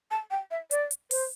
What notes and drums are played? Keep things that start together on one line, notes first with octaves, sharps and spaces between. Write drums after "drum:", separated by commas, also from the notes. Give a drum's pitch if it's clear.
A5
G5
E5
D5, drum: hi-hat
drum: hi-hat
C5, drum: open hi-hat